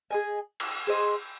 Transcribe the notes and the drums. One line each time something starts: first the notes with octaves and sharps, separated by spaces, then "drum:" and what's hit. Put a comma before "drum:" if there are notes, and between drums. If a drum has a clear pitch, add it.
G#4 D#5 G#5
drum: cymbal
G#4 C5 D#5